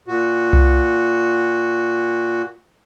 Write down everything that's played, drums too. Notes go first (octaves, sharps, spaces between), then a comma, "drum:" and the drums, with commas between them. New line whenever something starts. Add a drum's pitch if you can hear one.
A#2 F#4
drum: tom C2